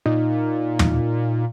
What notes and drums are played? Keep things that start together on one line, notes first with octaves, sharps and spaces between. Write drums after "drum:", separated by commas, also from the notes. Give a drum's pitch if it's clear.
A#2 D#4
drum: tom